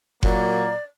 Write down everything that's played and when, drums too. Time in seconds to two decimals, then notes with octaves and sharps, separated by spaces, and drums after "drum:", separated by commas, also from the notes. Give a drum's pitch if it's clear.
0.23 A#2 F#3 A#3 D5, drum: kick F#1